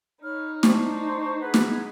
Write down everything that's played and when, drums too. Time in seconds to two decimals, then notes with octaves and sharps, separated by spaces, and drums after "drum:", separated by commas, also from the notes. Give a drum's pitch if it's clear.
0.23 D#4 C#5 B5 F6
0.63 A3 D4 E4 C5 C#6, drum: snare
1.40 G#4 B4 F#5
1.54 drum: snare